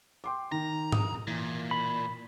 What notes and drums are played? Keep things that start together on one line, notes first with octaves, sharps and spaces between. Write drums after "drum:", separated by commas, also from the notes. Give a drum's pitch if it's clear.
G5 C6 D6
D#3 A#5
D#6, drum: tom G#2
A#2 E3
B5